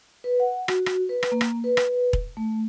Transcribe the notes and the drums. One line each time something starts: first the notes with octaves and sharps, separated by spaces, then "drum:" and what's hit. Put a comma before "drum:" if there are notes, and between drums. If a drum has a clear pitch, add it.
B4
F#5
F#4, drum: rim click
drum: rim click
B4
drum: rim click
A#3
drum: rim click
B4
drum: rim click
drum: kick E1
A3